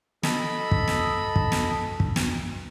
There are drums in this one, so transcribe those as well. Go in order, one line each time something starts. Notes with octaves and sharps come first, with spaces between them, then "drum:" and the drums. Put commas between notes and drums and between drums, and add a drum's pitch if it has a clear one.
A4 D#5 B5 E6, drum: snare
drum: kick
drum: snare
drum: kick
drum: snare
drum: kick
drum: snare